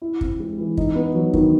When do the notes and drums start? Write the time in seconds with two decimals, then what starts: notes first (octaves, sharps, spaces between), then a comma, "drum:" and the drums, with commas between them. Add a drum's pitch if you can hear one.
0.02 E4
0.21 C4, drum: kick
0.40 G#3
0.59 E3
0.77 D#4, drum: kick
0.95 B3
1.15 F#3
1.34 D#3, drum: kick